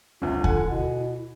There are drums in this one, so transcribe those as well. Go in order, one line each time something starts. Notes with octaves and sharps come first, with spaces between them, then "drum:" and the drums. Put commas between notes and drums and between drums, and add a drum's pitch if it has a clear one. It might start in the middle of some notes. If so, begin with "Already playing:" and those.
G1 D2 F4
D3 F#5 G#5, drum: kick D#2
B2 E4